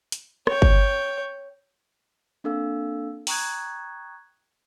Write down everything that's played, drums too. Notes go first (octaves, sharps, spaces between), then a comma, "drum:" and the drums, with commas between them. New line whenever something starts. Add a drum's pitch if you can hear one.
drum: hi-hat
C#5 G5, drum: rim click
drum: kick G1
A#3 C4 D4 A4 F5 E6
G5 A#5 C#6 D#6 F#6 G#6, drum: open hi-hat